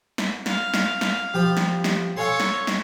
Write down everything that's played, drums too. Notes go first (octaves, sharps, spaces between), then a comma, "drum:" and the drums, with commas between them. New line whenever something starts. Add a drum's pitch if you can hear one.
drum: snare
F5, drum: snare
drum: snare
drum: snare
F3 G4 B5
drum: snare
drum: snare
A4 C#5 F5 G#5 C6
drum: snare
drum: snare